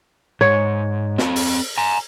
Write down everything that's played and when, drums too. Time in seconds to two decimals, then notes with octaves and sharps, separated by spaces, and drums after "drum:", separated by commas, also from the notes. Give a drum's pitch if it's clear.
0.41 G#2 C#5
1.18 C4 A4, drum: snare
1.36 drum: open hi-hat
1.78 G#5 A#5